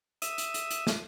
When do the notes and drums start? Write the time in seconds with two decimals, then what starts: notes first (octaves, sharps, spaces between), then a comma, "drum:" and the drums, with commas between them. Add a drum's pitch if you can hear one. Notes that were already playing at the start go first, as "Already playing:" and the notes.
0.22 E5 D#6, drum: hi-hat
0.38 drum: hi-hat
0.54 drum: hi-hat
0.70 drum: hi-hat
0.87 drum: snare